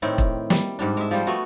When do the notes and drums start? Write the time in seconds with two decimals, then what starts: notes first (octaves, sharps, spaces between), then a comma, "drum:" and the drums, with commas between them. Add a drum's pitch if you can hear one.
0.02 A2 D#3 C4 E4
0.18 drum: kick E1
0.50 G3, drum: snare
0.79 G#2 G3 D4
0.97 G#3 E5
1.11 F3 G3 C5
1.27 A3 B3 F#4